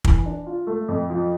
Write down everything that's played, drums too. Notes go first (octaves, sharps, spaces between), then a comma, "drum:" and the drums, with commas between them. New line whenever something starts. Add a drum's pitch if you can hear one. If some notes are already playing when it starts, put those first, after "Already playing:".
E3, drum: kick
D4
F4
A3
F2
F3